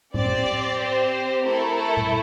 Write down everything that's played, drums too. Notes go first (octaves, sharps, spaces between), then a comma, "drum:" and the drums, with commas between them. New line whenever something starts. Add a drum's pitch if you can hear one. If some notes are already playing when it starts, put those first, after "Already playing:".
C4 G4 D5, drum: tom A2
C5
A3 E4 A4 A#4
A4
drum: tom A#2